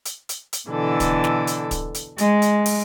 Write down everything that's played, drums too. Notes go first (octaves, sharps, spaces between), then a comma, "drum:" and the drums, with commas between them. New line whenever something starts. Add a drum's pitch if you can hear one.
drum: hi-hat
drum: hi-hat
drum: hi-hat
B2 D3 E3 A4
drum: kick, hi-hat
drum: snare
drum: hi-hat
drum: kick, hi-hat
drum: hi-hat
G#3, drum: hi-hat
drum: hi-hat
drum: open hi-hat